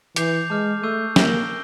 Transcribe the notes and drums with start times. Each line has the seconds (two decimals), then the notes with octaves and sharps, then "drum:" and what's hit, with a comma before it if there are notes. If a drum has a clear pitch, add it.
0.16 E3 D6 G6 C7 F7, drum: hi-hat
0.50 G#3 A5 D6 F6
0.83 A3 C#6 E6 G6 C7 D#7
1.16 A#3 G6 A#6 D7 G7, drum: snare